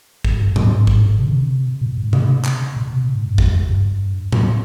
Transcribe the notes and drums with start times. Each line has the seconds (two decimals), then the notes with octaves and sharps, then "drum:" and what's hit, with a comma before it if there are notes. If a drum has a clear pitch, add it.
0.25 G#2, drum: kick G#1
0.40 G2
0.56 G#2, drum: tom A2
0.87 drum: kick G#1
1.19 C3
1.26 D3
1.32 C3
1.81 A#2
1.98 G#2
2.13 C3, drum: tom C3
2.44 drum: clap
2.76 A#2
2.93 C3
3.04 A#2
3.15 G#2
3.27 G2
3.38 F2, drum: kick G#1
3.70 G2
4.32 A#2, drum: tom A2